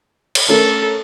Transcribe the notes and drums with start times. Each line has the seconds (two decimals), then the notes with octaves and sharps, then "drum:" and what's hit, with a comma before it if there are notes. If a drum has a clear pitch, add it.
0.35 drum: cymbal
0.49 A3 C#4 A4 A#4